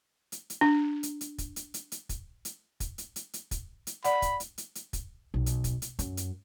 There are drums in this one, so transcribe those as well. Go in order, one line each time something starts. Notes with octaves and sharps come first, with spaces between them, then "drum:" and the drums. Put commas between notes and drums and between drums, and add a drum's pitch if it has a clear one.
drum: hi-hat
drum: hi-hat
D4
drum: hi-hat
drum: hi-hat
drum: kick, hi-hat
drum: hi-hat
drum: hi-hat
drum: hi-hat
drum: kick, hi-hat
drum: hi-hat
drum: kick, hi-hat
drum: hi-hat
drum: hi-hat
drum: hi-hat
drum: kick, hi-hat
drum: hi-hat
D5 F#5 B5, drum: hi-hat
drum: kick, hi-hat
drum: hi-hat
drum: hi-hat
drum: hi-hat
drum: kick, hi-hat
B1
drum: hi-hat
drum: kick, hi-hat
drum: hi-hat
F#2, drum: hi-hat
drum: hi-hat